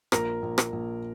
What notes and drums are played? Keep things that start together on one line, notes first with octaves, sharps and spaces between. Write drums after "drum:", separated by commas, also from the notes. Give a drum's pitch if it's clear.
A#1 A#4 A#5, drum: rim click
A#1
drum: rim click
A#1